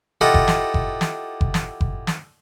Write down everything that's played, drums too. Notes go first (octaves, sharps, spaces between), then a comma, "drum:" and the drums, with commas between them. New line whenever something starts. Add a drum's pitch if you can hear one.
E4 F4 G4 A4 D#5 F#5
drum: kick F#1
drum: snare
drum: kick F#1
drum: snare
drum: kick F#1
drum: snare
drum: kick F#1
drum: snare